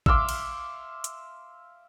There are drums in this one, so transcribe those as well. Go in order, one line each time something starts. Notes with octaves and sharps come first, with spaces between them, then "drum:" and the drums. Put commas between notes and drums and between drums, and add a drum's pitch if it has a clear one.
E5 F5 C6 D6, drum: kick G#1
drum: cymbal
drum: hi-hat